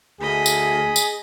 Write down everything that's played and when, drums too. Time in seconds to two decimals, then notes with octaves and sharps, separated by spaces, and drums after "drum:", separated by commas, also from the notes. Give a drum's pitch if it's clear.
0.21 D2 G#4 D#5 B5
0.46 drum: tambourine
0.96 drum: tambourine